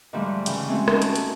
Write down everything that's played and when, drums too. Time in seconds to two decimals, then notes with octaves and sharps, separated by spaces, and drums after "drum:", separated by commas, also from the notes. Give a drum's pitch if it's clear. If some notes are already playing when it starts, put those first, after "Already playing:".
0.13 G#2 D3 F3 G3 A3
0.46 C#3 E3 G5, drum: hi-hat
0.68 G#3 A3 C4 C#4 F#4
0.88 C#4 D#4 A4 A5, drum: rim click
1.02 drum: hi-hat
1.16 drum: hi-hat